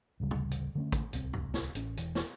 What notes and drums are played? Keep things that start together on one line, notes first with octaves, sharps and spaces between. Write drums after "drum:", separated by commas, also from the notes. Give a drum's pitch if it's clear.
A1 D2 C#3 G3
drum: tom
drum: hi-hat
D3 A3 C#4
drum: kick, hi-hat
D1 C2 C4, drum: hi-hat
drum: tom
drum: snare
A1 C#4, drum: hi-hat
E1 E3, drum: hi-hat
drum: snare